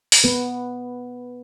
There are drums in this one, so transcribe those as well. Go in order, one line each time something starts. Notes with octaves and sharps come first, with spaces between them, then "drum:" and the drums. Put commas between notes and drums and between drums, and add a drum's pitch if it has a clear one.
drum: open hi-hat
B3 B4